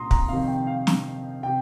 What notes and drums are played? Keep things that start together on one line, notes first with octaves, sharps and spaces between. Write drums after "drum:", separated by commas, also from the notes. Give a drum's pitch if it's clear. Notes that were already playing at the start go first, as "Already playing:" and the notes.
Already playing: C2 A#2 A#5 C6 D#6
A#5, drum: kick
F2 C3 D#3 F5
G5
F5
drum: snare
C3 G5